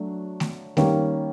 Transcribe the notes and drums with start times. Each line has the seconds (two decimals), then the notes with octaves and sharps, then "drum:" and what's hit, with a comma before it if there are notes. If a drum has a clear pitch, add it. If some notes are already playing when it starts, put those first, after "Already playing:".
Already playing: F#3 A3 D4
0.40 drum: snare A3
0.77 D#3 G3 A#3 C#4, drum: snare A3